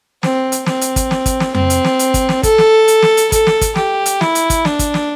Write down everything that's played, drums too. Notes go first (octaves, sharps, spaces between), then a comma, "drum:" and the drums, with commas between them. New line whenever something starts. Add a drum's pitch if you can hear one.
C4, drum: snare
drum: hi-hat
C4, drum: snare
drum: hi-hat
drum: kick, hi-hat
drum: snare
drum: kick, hi-hat
drum: snare
C4, drum: tom F2
drum: hi-hat
drum: snare
drum: hi-hat
drum: kick, hi-hat
drum: snare
A4, drum: kick, hi-hat
drum: snare
drum: hi-hat
drum: snare
drum: hi-hat
A4, drum: kick, hi-hat
drum: snare
drum: kick, hi-hat
G4, drum: snare
drum: hi-hat
E4, drum: snare
drum: hi-hat
drum: kick, hi-hat
D4, drum: snare
drum: kick, hi-hat
drum: snare